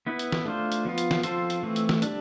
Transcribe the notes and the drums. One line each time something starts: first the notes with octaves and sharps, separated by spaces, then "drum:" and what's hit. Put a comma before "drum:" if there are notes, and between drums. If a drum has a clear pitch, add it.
B3 E4 B4
drum: hi-hat
drum: snare
A3 D4 F4 C5
drum: hi-hat
F3 B3 F4
drum: hi-hat
drum: snare
F3 C4 F4 A4 C5, drum: hi-hat
drum: hi-hat
E3 A3 C4
drum: hi-hat
drum: snare
G3 D4, drum: hi-hat